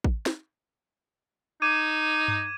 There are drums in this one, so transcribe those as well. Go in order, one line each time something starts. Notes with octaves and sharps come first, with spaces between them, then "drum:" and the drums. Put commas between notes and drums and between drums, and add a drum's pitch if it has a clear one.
drum: kick
drum: snare
D#4 D6 G#6 D#7
drum: tom G2